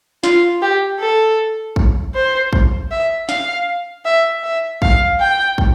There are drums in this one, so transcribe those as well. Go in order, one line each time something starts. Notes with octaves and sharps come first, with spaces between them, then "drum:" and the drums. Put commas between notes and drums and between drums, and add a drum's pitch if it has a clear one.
F4, drum: snare
G4
A4
drum: kick
C5
drum: kick
E5
F5, drum: snare
E5
E5
F5, drum: kick
G5
drum: kick